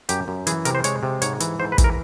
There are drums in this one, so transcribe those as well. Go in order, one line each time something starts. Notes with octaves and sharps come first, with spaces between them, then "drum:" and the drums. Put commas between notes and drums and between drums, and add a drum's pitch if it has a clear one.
F#2 G4, drum: hi-hat
F#2
E3 G#4, drum: hi-hat
C3 A#4, drum: hi-hat
C5
G#3 C#5, drum: hi-hat
C3
G#2 C#5, drum: hi-hat
E3, drum: hi-hat
G#2 C5
B4
E3, drum: kick, hi-hat
A#4